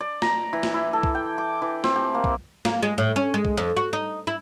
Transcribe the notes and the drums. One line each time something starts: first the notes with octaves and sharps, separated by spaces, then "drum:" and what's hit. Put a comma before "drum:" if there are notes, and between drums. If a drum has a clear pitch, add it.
D5
A#5, drum: snare
E3
drum: snare
E4
A4
drum: kick
G5
D6
E3
C4, drum: snare
G4
A#3
drum: kick
A#3, drum: snare
G#3
A2
C#4
G#3
drum: kick
F2
F#4
D#4
E4